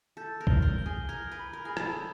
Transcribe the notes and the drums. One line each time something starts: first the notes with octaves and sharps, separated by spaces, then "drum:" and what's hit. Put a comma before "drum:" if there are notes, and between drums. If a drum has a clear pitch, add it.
A4 G6
A#4
G7, drum: kick
A#4
G7
G#4
A#4 G#6
B4
B5
A#4
G#4 B5
A4, drum: rim click